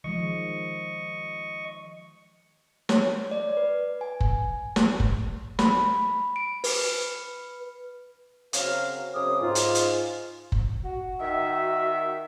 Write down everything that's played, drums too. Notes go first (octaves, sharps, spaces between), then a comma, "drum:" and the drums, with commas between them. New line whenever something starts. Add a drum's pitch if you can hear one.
D#3 F3 G#3 D#5 C#6
C#5, drum: snare
D5
B4
G#5
drum: kick F#1
drum: snare
drum: kick F#1
B5, drum: snare
D7
B4, drum: open hi-hat
C#3 F#3 C4 A#4 F5, drum: hi-hat
F#2 C#3 C4 G#4 D6 D#6
G#2 F4
drum: hi-hat
drum: hi-hat
drum: kick F#1
F#4
D#3 E5